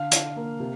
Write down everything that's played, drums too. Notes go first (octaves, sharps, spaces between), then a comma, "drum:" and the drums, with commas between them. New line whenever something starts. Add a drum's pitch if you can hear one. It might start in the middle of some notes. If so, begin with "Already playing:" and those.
Already playing: D3 F5
D3, drum: hi-hat
A#3
C3